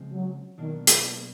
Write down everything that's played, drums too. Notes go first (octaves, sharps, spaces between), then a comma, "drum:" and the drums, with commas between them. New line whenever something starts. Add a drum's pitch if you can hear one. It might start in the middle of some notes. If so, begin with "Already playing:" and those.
Already playing: C#3 F3 G#3 C4
F#3
B2 D#3 F#3 A#3 D4
drum: hi-hat